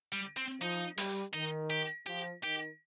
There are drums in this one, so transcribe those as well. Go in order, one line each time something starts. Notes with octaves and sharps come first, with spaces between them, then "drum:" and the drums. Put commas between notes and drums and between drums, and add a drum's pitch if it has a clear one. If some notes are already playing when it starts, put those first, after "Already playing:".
G3
C4
F3 D#4
G3, drum: open hi-hat
D#3 D#4
G4
F3 G4
D#3 G4